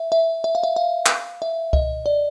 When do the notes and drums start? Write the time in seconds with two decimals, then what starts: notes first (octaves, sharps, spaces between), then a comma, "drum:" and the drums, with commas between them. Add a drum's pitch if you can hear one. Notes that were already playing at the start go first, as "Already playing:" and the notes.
Already playing: E5
0.12 E5
0.44 E5
0.55 F5
0.63 E5
0.76 F5
1.06 drum: clap
1.42 E5
1.73 D#5, drum: kick C2
2.06 D5